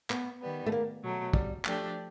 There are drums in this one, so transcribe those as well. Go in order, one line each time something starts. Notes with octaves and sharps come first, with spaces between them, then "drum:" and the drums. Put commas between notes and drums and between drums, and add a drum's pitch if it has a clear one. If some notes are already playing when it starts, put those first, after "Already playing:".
B3, drum: clap
D#3 G3 B3
A3
A#3
B2 F#3 A3
G3, drum: kick
F3 A3 D4 G4, drum: clap